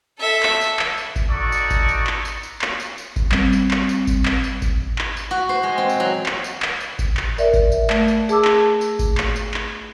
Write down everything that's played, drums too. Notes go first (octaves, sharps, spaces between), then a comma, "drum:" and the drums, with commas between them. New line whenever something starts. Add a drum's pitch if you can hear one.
A4 E5
drum: clap
drum: tambourine
drum: clap
drum: tambourine
drum: kick G#1, tambourine
D#4 F#4 A4 D5 C#6
drum: tambourine
drum: kick G#1, tambourine
drum: tambourine
drum: clap
drum: tambourine
drum: tambourine
drum: clap
drum: tambourine
drum: tambourine
drum: kick G#1, tambourine
G3 C4, drum: clap
drum: tambourine
drum: clap
drum: tambourine
drum: kick G#1, tambourine
drum: clap
drum: tambourine
drum: kick G#1, tambourine
drum: clap
drum: tambourine
F#4
C5
G#3
C4
drum: tambourine
F#3
drum: clap
drum: tambourine
drum: clap
drum: tambourine
drum: kick G#1, tambourine
drum: clap
A#4 D5 E5, drum: tambourine
drum: kick G#1, tambourine
drum: tambourine
A3, drum: clap
drum: tambourine
G#4 A5 D6 E6, drum: tambourine
drum: clap
drum: tambourine
drum: kick G#1, tambourine
drum: clap
drum: tambourine
drum: clap